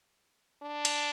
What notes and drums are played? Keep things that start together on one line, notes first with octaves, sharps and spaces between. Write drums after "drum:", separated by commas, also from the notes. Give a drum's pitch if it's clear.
D4
drum: cymbal